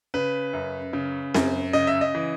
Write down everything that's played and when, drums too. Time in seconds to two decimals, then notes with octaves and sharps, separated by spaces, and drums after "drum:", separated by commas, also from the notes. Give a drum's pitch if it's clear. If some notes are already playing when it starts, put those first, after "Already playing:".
0.14 C#3 B4
0.53 F#2
0.93 C#3
1.34 F#2, drum: snare C4
1.73 C#3 D#5
1.87 E5
2.01 D#5
2.15 E3